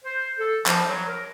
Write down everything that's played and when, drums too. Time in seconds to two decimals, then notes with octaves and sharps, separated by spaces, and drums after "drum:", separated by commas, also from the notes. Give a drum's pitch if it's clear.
0.05 C5
0.39 A4
0.66 F3, drum: clap
0.88 F#3
1.08 A#4